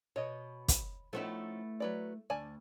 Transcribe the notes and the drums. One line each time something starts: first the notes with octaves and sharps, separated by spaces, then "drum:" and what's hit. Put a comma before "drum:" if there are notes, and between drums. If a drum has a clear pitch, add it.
B2 C#5 D#5
drum: kick, hi-hat
F3 A3 B3 C#4 D#4 E4
F#3 B4 D5
D2 D5 G#5 A5